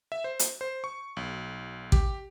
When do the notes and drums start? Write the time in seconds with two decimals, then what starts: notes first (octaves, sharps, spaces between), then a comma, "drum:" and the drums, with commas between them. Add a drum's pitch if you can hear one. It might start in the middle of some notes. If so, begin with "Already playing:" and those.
0.12 E5
0.24 C5
0.39 drum: hi-hat
0.61 C5
0.84 C#6
1.17 B1
1.92 G4, drum: kick